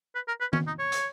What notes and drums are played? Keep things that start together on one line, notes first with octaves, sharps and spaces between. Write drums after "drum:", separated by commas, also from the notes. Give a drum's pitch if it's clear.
B4
A#4
B4
C#4, drum: tom D#3
D#4
C#5
drum: hi-hat